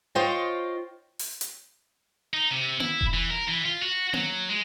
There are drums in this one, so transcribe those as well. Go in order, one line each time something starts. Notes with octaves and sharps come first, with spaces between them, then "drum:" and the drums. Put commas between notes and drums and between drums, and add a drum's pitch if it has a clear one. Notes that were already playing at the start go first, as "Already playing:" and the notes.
F4 C5 C#5 D#5 G5
drum: open hi-hat
drum: hi-hat
D#4
C3
E4, drum: tom A#3
drum: kick E1
E3
A#4
E3
F4
F#4
F#3, drum: tom A#3
G#3